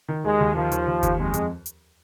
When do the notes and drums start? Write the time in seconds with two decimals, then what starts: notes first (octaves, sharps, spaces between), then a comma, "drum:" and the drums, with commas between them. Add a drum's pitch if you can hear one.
0.08 D#3
0.24 D#2 G#3
0.40 D#2
0.55 D#3 F3
0.72 D#2, drum: hi-hat
0.87 D#2
1.03 D#2, drum: kick F#1, hi-hat
1.19 F2 G#3
1.34 F2, drum: hi-hat
1.66 drum: hi-hat